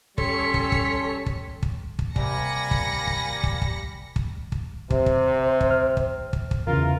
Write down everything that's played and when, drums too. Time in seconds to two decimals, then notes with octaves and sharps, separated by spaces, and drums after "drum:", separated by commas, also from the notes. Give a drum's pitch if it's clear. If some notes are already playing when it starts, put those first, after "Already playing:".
0.18 G3 C#4 A4 C#5 C6 B6 C#7, drum: kick
0.54 drum: kick
0.72 drum: kick
1.26 drum: kick
1.63 drum: kick
1.99 drum: kick
2.16 C3 G3 A#3 G4 G#5 B5 A#6 C#7, drum: kick
2.71 drum: kick
3.07 drum: kick
3.43 drum: kick
3.62 drum: kick
4.16 drum: kick
4.52 drum: kick
4.90 C3 C5, drum: kick
5.06 drum: kick
5.61 drum: kick
5.71 F6
5.97 drum: kick
6.33 drum: kick
6.51 drum: kick
6.67 E2 C#3 E3 F4 A#4